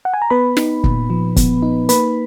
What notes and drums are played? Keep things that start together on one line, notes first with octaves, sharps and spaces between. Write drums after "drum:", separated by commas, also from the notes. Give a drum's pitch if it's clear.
F#5
G#5
A#5
B3 B4 B5
D#4, drum: snare
A#2, drum: kick
F3
B3, drum: kick, hi-hat
D#4
A#3 B4 B5, drum: hi-hat